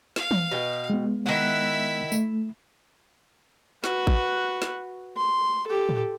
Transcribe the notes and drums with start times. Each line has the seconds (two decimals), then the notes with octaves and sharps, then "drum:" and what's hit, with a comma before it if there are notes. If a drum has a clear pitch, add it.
0.16 F5, drum: snare
0.31 drum: tom E3
0.51 B2 G5
0.90 G#3 B3
1.26 D#3 E4 E5 F#5
2.12 A3, drum: tambourine
3.84 F#4 B4, drum: snare
4.07 drum: kick A1
4.62 drum: snare
5.16 C6
5.67 G4 A4
5.89 drum: tom A2